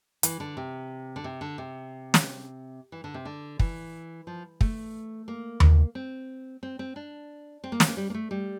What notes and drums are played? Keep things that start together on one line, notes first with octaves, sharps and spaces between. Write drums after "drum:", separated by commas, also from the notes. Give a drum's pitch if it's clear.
E3, drum: hi-hat
D3
C3
D3
C3
D3
C3
drum: snare
E3
D3
C3
D3
E3, drum: kick
F3
A3, drum: kick
A#3
drum: tom D#2
C4
C4
C4
D4
C4
A#3
C4, drum: snare
A#3
G3
A#3
A3
G3